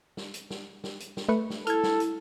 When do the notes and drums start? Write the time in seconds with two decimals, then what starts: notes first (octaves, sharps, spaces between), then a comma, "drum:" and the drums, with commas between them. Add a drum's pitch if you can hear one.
0.17 drum: snare
0.34 drum: hi-hat
0.50 drum: snare
0.84 drum: snare
1.00 drum: hi-hat
1.17 drum: snare
1.29 A3 B4 C#6
1.50 drum: snare
1.67 E4 A4 F6 G#6, drum: hi-hat
1.83 drum: snare
2.00 drum: hi-hat